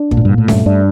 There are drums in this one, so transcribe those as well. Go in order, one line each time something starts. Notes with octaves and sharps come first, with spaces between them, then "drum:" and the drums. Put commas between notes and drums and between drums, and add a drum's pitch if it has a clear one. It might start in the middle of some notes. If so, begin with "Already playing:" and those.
Already playing: D4
A#2, drum: kick
A2
G2 A#2
A2
G2 A3, drum: snare C#4
G2 D4